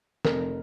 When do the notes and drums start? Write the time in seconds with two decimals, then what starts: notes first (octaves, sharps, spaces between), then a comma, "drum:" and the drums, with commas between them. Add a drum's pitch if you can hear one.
0.25 F1 A#4, drum: snare